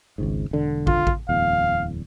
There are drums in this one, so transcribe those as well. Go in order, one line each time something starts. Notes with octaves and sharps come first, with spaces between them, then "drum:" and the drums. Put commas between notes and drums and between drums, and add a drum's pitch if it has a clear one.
G#1 C#2 G#2
E1 D3
F4, drum: kick
drum: kick
D1 E2 F5